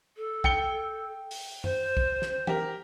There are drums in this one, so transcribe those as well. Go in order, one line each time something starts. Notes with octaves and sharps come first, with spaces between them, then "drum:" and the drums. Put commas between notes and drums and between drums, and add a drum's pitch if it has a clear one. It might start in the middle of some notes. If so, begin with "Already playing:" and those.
A4
G5 C#7 G7, drum: kick B1
drum: open hi-hat
C5, drum: tom F#2
drum: kick B1
drum: snare
G4 A#4, drum: tom E3